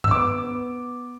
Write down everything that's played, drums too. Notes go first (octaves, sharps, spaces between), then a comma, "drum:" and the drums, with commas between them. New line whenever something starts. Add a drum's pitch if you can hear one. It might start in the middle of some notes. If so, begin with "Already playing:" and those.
E6, drum: tom G2
B3 D6
B3